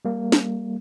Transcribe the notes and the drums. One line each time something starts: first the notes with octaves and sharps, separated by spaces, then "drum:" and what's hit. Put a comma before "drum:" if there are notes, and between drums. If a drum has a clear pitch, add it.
G3 A#3
drum: snare